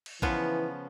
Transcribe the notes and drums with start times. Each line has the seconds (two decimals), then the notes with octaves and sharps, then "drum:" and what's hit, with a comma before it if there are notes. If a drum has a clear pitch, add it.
0.06 drum: cymbal
0.22 C#3 E3 F3 B3, drum: kick A#1